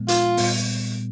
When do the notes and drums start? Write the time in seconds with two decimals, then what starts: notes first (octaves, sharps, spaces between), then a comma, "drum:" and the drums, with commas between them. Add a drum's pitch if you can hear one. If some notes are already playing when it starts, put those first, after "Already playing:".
Already playing: A#2 F3 G#3 B3
0.08 F4, drum: hi-hat
0.37 A#2 G3 B3, drum: open hi-hat